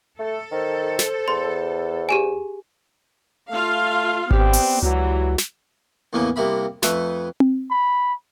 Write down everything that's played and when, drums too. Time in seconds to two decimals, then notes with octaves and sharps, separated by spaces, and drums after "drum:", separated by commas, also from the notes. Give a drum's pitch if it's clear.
0.19 A3 A4
0.52 D#3 C5
0.99 drum: snare
1.28 E2 C6
2.09 G4 G#4 G#5
3.51 A3 F4 F5
4.31 B3 C4 G4 D5, drum: kick G#1
4.53 drum: open hi-hat
4.83 C#2 E3 F#3 F#4
5.38 drum: snare
6.13 E2 A2 C#3 A#3 D#6
6.36 C2 C3 A#3 E5 B5
6.83 F2 A3 A4 B4 E5 D#6, drum: snare
7.40 drum: tom C4
7.70 B5